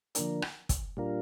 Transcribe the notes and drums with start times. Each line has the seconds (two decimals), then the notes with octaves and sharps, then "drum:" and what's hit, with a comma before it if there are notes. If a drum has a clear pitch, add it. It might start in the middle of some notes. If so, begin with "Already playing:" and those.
0.15 D3 F3 A#3 D4 A#4, drum: hi-hat
0.42 drum: rim click
0.69 drum: kick, hi-hat
0.97 A#2 G3 D4 F4 A#4